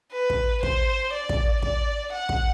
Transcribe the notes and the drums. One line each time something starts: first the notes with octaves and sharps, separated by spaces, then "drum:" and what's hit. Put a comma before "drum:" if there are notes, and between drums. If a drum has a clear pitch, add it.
B4
drum: kick
C5, drum: kick
D5
drum: kick
D5, drum: kick
F#5
drum: kick